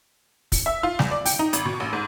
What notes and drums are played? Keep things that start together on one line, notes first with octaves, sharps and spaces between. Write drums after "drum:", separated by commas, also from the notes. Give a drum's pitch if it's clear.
drum: kick, open hi-hat
E5
F4
E2, drum: snare
D5
G5, drum: open hi-hat
D#4
G#1, drum: hi-hat
B2
A1
G#2